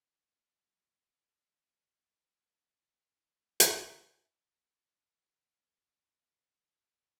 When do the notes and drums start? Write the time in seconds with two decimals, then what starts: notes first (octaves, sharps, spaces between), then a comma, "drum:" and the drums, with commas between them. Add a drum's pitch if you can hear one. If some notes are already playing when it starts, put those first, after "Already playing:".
0.18 A3
0.51 F#3
2.35 G2
3.03 G#2
3.60 drum: hi-hat
5.76 D2
6.08 F2
6.57 E3
6.88 G#2